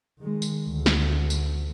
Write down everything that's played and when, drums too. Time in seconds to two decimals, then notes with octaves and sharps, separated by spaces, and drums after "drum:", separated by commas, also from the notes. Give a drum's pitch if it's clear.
0.20 D#3 G#3
0.42 drum: tambourine
0.69 D2
0.86 drum: snare
1.30 drum: tambourine